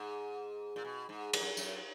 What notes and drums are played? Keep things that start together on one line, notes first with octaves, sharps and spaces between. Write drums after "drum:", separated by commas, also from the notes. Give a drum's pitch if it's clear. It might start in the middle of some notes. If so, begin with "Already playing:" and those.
Already playing: G#2
A#2
B2
G#2
G#2, drum: cymbal
F#2
F#2, drum: tambourine